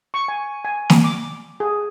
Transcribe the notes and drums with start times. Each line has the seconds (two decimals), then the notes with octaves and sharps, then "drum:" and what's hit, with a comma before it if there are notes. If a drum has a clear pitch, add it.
0.14 C#6
0.28 G#5
0.65 G#5
0.90 drum: snare
1.04 D6
1.60 G#4